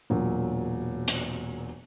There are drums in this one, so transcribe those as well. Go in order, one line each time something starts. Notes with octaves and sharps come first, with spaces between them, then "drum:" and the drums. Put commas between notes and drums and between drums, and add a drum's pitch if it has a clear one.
E1 A#2 F#3
drum: hi-hat